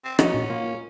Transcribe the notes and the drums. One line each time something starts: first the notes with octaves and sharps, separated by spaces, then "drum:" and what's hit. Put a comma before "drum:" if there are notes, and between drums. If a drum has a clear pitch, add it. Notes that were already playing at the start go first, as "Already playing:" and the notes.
C4
F3 C#4 D#4 F#4 D#5, drum: rim click
A#2
A#3 F4